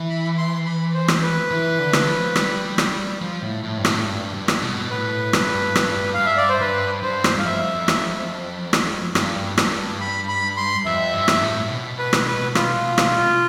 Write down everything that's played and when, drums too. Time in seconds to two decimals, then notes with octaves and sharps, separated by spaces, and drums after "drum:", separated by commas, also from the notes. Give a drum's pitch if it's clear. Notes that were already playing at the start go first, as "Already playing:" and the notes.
Already playing: E3
0.09 B5
0.38 C6
0.65 B5
0.94 C5
1.08 drum: rim click
1.23 B4
1.51 E3
1.79 D3
1.93 drum: rim click
2.07 F3
2.36 G3, drum: rim click
2.78 G3, drum: rim click
3.21 F3
3.42 A2
3.63 A2
3.78 G2
3.85 A2, drum: rim click
4.05 G2
4.34 G2
4.48 drum: rim click
4.62 B2
4.91 A2 B4
5.33 G2, drum: rim click
5.75 G2, drum: rim click
6.14 G2 F5
6.26 E5
6.37 D5
6.49 C5
6.61 G2 B4
7.03 G2 C5
7.24 drum: rim click
7.36 G2 F5
7.45 F2 E5
7.88 drum: rim click
8.73 drum: rim click
9.15 G2, drum: rim click
9.58 G2, drum: rim click
10.01 B5
10.29 B5
10.57 C6
10.85 F2 E5
11.13 G2
11.28 drum: rim click
11.42 A2
11.70 B2
11.99 B4
12.13 drum: rim click
12.27 B4
12.55 F4, drum: rim click
12.98 drum: rim click